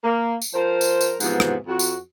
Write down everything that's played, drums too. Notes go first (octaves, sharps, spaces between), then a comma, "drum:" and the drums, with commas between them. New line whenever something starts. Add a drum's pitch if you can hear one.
A#3
drum: tambourine
F3 A#4 C5
drum: tambourine
drum: tambourine
G#2 C3 E3 F3 B3, drum: tambourine
drum: rim click
F2 F#4
drum: tambourine